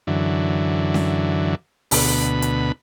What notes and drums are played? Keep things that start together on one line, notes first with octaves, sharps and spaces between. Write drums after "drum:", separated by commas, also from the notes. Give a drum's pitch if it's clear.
F#2 D3 E3
drum: snare C#4
D2 B2 B5, drum: open hi-hat
drum: hi-hat